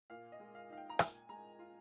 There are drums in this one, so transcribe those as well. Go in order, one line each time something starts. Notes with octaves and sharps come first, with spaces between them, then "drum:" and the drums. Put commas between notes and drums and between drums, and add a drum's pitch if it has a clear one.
A#2 F5
D#5
G#3
F5
D#4 F5
G5
A#5
A#2 G#5, drum: rim click
G#3 A#5
F4